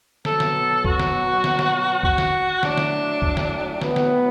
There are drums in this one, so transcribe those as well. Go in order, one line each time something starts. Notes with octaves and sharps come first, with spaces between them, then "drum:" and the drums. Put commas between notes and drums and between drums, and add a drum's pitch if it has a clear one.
B2 F#3 A4, drum: snare
drum: snare
F#4, drum: kick
drum: snare
drum: snare
drum: snare
F#4, drum: kick
drum: snare
A2 F#3 D4, drum: snare
drum: snare
drum: kick
drum: snare
B3, drum: snare
drum: snare